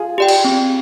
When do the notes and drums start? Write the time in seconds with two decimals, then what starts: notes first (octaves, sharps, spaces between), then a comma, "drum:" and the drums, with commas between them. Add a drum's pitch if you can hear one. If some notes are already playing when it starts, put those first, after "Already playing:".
Already playing: F4 G#4
0.18 G4 D5 G5
0.28 drum: cymbal
0.45 C4